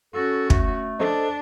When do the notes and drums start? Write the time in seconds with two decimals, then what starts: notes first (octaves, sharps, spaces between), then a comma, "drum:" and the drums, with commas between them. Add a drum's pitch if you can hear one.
0.14 C#4 F#4 A4
0.50 A3, drum: kick
0.99 D4 A4 C5 D#5